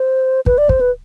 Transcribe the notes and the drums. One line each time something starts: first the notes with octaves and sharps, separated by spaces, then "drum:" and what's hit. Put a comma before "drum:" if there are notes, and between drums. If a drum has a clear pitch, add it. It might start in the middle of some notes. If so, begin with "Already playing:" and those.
Already playing: C5
B4, drum: kick
D5
C5, drum: kick
B4